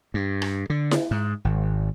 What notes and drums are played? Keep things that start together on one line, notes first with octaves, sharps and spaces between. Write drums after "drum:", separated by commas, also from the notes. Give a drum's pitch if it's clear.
G2
drum: rim click
D3
drum: snare E4
G#2
G#1